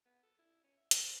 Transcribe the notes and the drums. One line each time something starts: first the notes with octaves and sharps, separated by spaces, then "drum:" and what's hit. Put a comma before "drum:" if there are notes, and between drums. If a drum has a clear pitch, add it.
B3
A4
E4
C#4
E5
F#4, drum: hi-hat
D#4